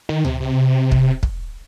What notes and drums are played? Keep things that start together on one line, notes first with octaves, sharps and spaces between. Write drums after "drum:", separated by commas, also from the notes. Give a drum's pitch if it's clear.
D#3
C3, drum: tom C#2
C3
drum: kick
drum: kick